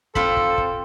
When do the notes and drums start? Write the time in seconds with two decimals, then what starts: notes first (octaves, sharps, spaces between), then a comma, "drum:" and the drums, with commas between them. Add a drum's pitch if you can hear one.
0.15 C4 F4 A4 C5 B5, drum: kick
0.37 drum: kick
0.58 drum: kick